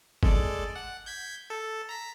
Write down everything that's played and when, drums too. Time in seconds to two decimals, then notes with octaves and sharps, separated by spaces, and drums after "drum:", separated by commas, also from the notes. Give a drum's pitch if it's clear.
0.23 G#3 A4 D5, drum: kick
0.76 F#5
1.06 G6 G#6 B6
1.50 A4
1.89 A#5 B6